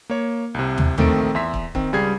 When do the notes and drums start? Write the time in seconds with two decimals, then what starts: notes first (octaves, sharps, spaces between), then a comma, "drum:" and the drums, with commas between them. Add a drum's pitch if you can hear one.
0.10 A#3 C#5
0.54 C2 C3
0.78 drum: tom
0.98 A#1 D#3 A3 C4 A4 D7, drum: tom
1.35 E2 E5 C6 B6
1.54 drum: kick
1.75 D#3 C4, drum: kick
1.93 C#2 G3 G#4 G#6 C7